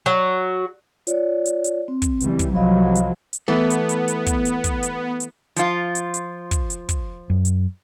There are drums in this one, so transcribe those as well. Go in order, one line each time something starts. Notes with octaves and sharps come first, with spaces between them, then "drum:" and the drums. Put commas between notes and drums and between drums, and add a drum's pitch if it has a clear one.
F#3
F4 C#5 D5, drum: hi-hat
drum: hi-hat
drum: hi-hat
C4
drum: kick, hi-hat
C#2 E3 G3, drum: hi-hat
drum: kick, hi-hat
C2 F3 F#3 D#5 F5 B5
drum: hi-hat
drum: hi-hat
E3 A3 B3
drum: hi-hat
drum: hi-hat
drum: hi-hat
drum: kick, hi-hat
drum: hi-hat
drum: kick, hi-hat
drum: hi-hat
drum: hi-hat
F3 F4, drum: hi-hat
drum: hi-hat
drum: hi-hat
drum: kick, hi-hat
drum: hi-hat
drum: kick, hi-hat
F#2
drum: hi-hat